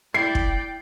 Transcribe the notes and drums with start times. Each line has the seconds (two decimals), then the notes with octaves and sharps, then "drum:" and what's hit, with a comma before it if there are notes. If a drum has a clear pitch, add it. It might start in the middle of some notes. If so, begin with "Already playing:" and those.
0.14 E4 D5 G5 C7
0.35 drum: kick